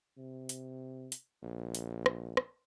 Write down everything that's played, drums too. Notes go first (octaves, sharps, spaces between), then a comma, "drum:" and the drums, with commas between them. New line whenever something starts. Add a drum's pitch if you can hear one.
C3
drum: hi-hat
drum: hi-hat
A#1
drum: hi-hat
drum: rim click
drum: rim click